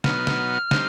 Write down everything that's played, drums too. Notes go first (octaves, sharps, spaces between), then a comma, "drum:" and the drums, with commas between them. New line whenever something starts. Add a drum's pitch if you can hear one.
B2 F#3 B3 D#4 F6, drum: snare
drum: snare
G3 C4 D#4, drum: snare